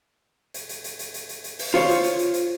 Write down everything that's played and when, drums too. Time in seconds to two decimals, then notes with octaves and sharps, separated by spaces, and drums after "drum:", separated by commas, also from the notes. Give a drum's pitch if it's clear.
0.54 drum: hi-hat
0.69 drum: hi-hat
0.84 drum: hi-hat
0.99 drum: hi-hat
1.14 drum: hi-hat
1.29 drum: hi-hat
1.44 drum: hi-hat
1.59 drum: open hi-hat
1.74 F4 C5 C#5
1.89 drum: hi-hat
2.04 drum: hi-hat
2.19 drum: hi-hat
2.34 drum: hi-hat